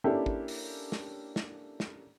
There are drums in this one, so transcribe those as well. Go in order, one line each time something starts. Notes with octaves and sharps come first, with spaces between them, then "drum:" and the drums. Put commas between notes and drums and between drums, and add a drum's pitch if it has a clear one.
A#3 C#4 D4 E4 G4 A4
drum: kick
drum: open hi-hat
drum: snare
drum: snare
drum: snare